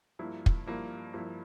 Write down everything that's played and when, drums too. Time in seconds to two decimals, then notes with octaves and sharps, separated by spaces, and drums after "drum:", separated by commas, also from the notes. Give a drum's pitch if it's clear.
0.19 G2 F3 A#3 E4
0.46 drum: kick
0.66 G2 F3 A#3 E4
1.14 G2 F3 A#3 E4